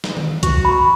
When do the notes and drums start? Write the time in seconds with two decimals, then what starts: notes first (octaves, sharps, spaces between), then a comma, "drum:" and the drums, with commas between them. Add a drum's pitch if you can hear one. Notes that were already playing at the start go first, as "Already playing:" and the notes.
0.04 drum: snare
0.17 drum: tom D#3
0.43 F#4, drum: kick, hi-hat
0.65 B5